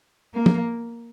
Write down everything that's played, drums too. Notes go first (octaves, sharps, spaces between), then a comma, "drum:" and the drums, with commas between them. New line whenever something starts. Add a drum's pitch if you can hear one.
A#3
drum: tom F3